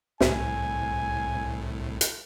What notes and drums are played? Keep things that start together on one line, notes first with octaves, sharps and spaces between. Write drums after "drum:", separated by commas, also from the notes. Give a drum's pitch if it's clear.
C2 A2 G#5, drum: snare
drum: hi-hat